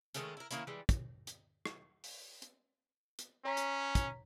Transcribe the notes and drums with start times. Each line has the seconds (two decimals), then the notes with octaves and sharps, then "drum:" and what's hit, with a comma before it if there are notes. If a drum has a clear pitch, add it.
0.14 D#3 G#3 A3 C#4, drum: hi-hat
0.37 E4 A#4
0.51 D#3 A#3 C#4 E4, drum: hi-hat
0.67 E3 G3 G#3
0.89 drum: kick, hi-hat
1.27 drum: hi-hat
1.65 drum: rim click
2.04 drum: open hi-hat
2.42 drum: hi-hat
3.19 drum: hi-hat
3.45 C#4 C#5 A#5 B6
3.57 drum: hi-hat
3.95 drum: kick, hi-hat